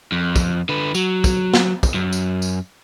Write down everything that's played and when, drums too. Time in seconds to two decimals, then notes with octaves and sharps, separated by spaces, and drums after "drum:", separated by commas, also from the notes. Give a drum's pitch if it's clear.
0.12 F2
0.36 drum: kick, tambourine
0.69 D3 B4
0.95 F#3, drum: tambourine
1.24 drum: kick, tambourine
1.54 drum: snare
1.83 drum: kick, tambourine
1.94 F#2
2.13 drum: tambourine
2.42 drum: tambourine